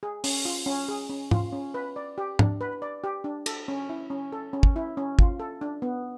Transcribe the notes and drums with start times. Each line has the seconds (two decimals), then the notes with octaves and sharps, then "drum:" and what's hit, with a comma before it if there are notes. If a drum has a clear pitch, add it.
0.03 G#4
0.24 C#4, drum: open hi-hat
0.45 F4
0.66 C#4
0.88 G#4
1.10 C#4
1.31 F4, drum: tom G#2
1.53 C#4
1.74 B4
1.96 D5
2.18 G4
2.39 D4, drum: tom
2.61 B4
2.82 D5
3.04 G4
3.24 D4
3.46 A4, drum: cymbal
3.68 C#4
3.89 E4
4.10 C#4
4.32 A4
4.53 C#4
4.63 drum: kick
4.76 E4
4.97 C#4
5.19 F4, drum: kick
5.40 A4
5.61 D4
5.82 B3